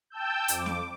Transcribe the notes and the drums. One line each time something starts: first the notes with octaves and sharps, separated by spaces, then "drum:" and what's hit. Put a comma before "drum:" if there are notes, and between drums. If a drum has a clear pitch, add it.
G5 A5 E6 G6
F2 D6, drum: hi-hat
drum: snare